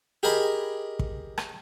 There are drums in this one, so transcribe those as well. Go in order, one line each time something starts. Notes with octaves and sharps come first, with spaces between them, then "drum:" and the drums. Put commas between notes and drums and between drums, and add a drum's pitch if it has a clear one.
G4 G#4 A#4 D#5 B5
drum: kick
drum: rim click